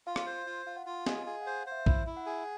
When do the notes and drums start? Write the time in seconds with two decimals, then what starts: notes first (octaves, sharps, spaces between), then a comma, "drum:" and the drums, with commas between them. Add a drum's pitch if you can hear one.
0.07 F4 F5
0.16 drum: rim click
0.26 C5
0.46 F4
0.66 F4 F5
0.77 F#5
0.86 F4 F5
1.06 G#4 D#5, drum: snare
1.26 G#4 F5
1.41 C5 F#5
1.57 F5
1.67 C5 E5
1.86 E4 E5, drum: kick
2.07 E4
2.17 F#5
2.26 G#4